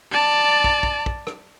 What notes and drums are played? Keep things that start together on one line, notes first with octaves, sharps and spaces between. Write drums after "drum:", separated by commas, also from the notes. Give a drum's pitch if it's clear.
D5 A5
drum: kick
drum: kick
drum: kick
drum: rim click